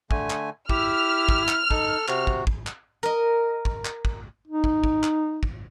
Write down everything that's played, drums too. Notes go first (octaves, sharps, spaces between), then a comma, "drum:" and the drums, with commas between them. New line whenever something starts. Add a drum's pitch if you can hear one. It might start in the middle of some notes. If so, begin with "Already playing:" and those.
D3 A3 G#5, drum: kick
drum: clap
E4 G4 E6 F6, drum: kick
drum: kick
drum: clap
D#4 A4, drum: kick
C3 F#4, drum: clap
drum: kick
drum: kick
drum: clap
A#4 D#5
drum: kick
drum: clap
drum: kick
D#4
drum: kick
drum: kick
drum: clap
drum: kick